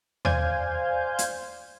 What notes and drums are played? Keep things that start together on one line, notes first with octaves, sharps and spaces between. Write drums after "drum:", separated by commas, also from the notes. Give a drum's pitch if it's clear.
C5 D5 F5 G#5 G6 G#6, drum: tom D#2
drum: hi-hat